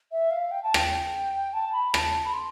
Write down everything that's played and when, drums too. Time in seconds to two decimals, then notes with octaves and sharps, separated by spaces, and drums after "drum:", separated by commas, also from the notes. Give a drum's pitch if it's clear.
0.12 E5
0.31 F5
0.51 G5
0.63 A5
0.74 G5, drum: rim click
1.53 A5
1.73 B5
1.94 A5, drum: rim click
2.25 B5
2.34 C6